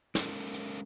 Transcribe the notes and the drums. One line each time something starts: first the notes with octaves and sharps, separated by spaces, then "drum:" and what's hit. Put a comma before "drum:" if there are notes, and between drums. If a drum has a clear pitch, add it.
G#3 C#4 F4 F#4 A4 A#4, drum: snare
drum: hi-hat